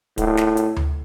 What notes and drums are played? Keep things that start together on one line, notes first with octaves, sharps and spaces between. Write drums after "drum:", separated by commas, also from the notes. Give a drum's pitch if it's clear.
A2, drum: kick D1, hi-hat
drum: snare
drum: hi-hat
drum: tom D2